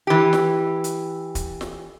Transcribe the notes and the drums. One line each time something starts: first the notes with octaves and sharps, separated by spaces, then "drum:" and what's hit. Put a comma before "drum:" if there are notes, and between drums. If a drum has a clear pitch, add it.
E3 G4
drum: snare
drum: hi-hat
drum: kick, hi-hat
drum: snare